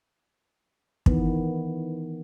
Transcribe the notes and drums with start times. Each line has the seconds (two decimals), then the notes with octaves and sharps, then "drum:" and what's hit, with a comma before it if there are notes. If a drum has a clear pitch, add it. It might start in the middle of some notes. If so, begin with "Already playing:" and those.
1.06 D#3 E3 B3, drum: kick